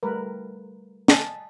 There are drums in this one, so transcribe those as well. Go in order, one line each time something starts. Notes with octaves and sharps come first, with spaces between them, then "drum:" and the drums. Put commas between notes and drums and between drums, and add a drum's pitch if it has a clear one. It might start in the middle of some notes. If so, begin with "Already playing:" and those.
G3 A3 A#4 B4
D#5 G#5 A5, drum: snare